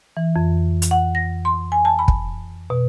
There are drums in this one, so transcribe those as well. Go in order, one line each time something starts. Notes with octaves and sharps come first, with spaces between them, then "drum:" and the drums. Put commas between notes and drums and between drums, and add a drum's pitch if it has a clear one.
E3
F2
drum: hi-hat
F#5
A#6
C6
G#5
A5
B5
drum: kick
B2